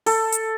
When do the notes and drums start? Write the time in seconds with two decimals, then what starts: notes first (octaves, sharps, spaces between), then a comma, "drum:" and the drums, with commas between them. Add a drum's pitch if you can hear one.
0.06 A4, drum: open hi-hat
0.32 drum: hi-hat